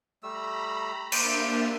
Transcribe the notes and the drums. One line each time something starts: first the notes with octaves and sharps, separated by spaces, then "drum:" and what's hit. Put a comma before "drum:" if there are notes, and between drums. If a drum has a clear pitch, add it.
G3 A3 A#5 B5 E6
A#3 D4 G4 C5 D5 E5, drum: cymbal